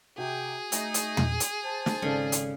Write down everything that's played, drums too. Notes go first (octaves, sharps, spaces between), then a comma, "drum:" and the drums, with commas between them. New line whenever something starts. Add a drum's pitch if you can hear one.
C3 F#4 G#4 G5
A3 D#4, drum: hi-hat
drum: hi-hat
drum: tom
drum: hi-hat
C5 A5
drum: snare
G#1 C#3 A4 D5
drum: hi-hat